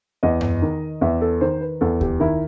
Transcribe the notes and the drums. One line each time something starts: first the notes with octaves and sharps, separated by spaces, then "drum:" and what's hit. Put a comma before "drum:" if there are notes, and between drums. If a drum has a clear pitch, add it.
E2 D#5
drum: tom F#2
D#3
E2 E5
A4
D#3 C5
B4
E2 A4
G4, drum: kick D2
D#3 E4